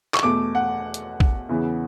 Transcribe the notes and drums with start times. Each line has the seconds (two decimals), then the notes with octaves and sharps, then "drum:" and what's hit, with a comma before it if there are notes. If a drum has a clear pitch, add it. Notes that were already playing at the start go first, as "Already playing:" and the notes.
0.14 C#6, drum: clap
0.23 E2 B2 A3 D6
0.55 F#5
0.94 drum: hi-hat
1.20 drum: kick
1.49 E2 C#3 E3 B3